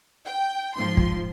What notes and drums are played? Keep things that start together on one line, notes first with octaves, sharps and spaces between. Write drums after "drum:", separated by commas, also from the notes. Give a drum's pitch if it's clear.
G5
G#2 F3 C6
drum: kick